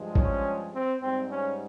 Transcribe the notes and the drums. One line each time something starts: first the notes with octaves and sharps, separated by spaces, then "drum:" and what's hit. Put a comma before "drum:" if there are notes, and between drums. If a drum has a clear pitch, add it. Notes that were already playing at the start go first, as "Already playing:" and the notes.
Already playing: G2 F3 G#3
C#4, drum: kick A1
C4
G#2 G3 C4
C#4